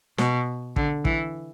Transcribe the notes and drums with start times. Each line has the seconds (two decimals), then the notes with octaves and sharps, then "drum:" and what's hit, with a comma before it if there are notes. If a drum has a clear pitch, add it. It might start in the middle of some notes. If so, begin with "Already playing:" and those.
0.18 B2, drum: snare
0.76 D3, drum: kick
1.05 E3, drum: kick